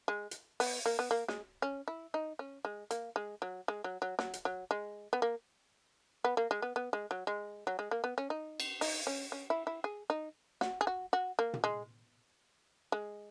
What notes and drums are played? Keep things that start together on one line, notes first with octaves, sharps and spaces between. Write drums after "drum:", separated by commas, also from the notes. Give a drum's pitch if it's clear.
G#3
drum: hi-hat
B3, drum: open hi-hat
A#3
B3
A#3
G#3, drum: snare
C#4
E4
D#4
C#4
G#3
A#3, drum: hi-hat
G#3
F#3
G#3
F#3
F#3
F#3, drum: snare
drum: hi-hat
F#3
G#3
B3
A#3
B3
A#3
G#3
B3
B3
G#3
F#3
G#3
F#3
G#3
A#3
B3
C#4
D#4
drum: cymbal
D#4, drum: open hi-hat
C#4
C#4
E4
E4
G#4
D#4
F#4, drum: snare
G#4
F#4
F#4
A#3
drum: tom
G#3
G#3